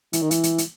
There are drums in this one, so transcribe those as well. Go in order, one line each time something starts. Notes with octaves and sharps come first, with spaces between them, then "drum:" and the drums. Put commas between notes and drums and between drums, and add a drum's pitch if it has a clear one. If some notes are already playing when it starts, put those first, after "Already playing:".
E3, drum: hi-hat
D#3
E3, drum: hi-hat
drum: hi-hat
drum: hi-hat